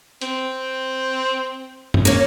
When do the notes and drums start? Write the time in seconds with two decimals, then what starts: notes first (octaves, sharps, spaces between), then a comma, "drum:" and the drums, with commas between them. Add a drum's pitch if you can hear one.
0.21 C4, drum: hi-hat
1.94 drum: tom F#2
2.05 A#3 C#4